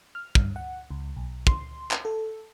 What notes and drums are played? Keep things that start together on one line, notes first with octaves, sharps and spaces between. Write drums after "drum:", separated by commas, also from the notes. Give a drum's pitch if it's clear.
F6
G2, drum: kick
F#5
C#2
B1
C6, drum: kick
drum: clap
A4